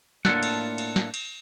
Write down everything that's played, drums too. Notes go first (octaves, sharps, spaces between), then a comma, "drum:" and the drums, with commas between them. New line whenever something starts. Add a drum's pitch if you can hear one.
A2 A#3 D4 F4 A4 F#5, drum: snare
drum: cymbal
drum: cymbal
drum: snare
drum: cymbal